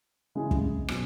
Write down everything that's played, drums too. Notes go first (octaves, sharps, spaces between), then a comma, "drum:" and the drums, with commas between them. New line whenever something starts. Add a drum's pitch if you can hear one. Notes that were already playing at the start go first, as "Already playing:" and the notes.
C#3 G#3 C#4 E4 G#4
drum: kick
B2 F#3 C#4, drum: rim click